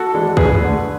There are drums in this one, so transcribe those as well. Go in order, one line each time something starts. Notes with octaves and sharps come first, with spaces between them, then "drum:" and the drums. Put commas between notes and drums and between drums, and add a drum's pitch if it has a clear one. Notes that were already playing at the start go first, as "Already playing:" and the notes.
Already playing: F#4 A4
E3 G#3 D4
E2 G#4 B4, drum: kick
D3 A3